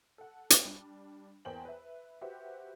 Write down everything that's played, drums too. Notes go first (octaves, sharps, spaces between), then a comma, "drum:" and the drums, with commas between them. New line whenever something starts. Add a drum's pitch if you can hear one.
A4 F#5
drum: hi-hat
G3 D4
E2 A#3 C5 G5 G#5 F#7
B4 E5
F#4 G4 B4 C5 E5 G5